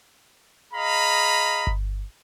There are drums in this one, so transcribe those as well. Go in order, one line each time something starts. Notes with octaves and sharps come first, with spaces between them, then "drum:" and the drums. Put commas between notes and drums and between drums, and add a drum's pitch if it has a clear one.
G#4 D#5 F5 A#5 B5
drum: kick G1